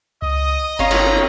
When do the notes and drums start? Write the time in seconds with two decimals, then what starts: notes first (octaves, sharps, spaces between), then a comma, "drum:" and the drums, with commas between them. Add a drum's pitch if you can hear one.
0.22 C#2 D#5 D#6
0.79 G1 C#4 F4 C#5 A#5
0.91 drum: cymbal